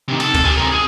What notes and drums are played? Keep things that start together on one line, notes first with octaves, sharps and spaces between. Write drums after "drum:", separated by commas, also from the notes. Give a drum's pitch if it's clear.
C3 D#3
A4, drum: cymbal
drum: kick C#2, cymbal
G4 G#5
C4 A#4
G#4